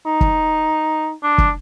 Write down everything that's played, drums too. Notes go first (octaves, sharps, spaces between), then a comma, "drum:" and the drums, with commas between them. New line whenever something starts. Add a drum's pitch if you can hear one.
D#4
drum: kick
D4
drum: kick